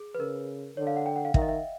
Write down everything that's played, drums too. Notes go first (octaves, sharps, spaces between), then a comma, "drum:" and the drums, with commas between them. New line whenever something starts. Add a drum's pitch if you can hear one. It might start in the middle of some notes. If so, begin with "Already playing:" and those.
Already playing: G#4
B4
C#3 A#4
D3 C#5
F5
F#5
G5
F#5
F5
D#3 E5, drum: kick
D#5
E5